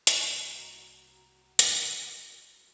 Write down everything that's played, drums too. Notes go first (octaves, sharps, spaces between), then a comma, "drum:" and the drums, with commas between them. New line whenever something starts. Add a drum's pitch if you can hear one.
C2 A#3 F#4 A#5 C#6, drum: hi-hat
drum: hi-hat